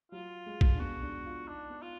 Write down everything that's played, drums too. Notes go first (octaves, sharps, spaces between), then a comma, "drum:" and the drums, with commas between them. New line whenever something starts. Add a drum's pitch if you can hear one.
F#3 F4
G#3
drum: kick
D4
B3 F#4
D4
F4
D4 D#4
B3
F4